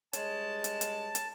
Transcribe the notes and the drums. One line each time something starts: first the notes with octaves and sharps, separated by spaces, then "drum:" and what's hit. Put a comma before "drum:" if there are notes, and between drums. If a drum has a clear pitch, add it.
G2 G#3 C#5 A5, drum: hi-hat
drum: hi-hat
drum: hi-hat
drum: hi-hat